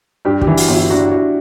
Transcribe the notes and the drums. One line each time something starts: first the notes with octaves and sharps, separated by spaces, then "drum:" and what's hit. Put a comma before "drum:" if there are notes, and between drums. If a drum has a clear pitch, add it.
G2 G4
G4, drum: kick
E3
F#4, drum: open hi-hat
G1
E4
D4 F#4
F#4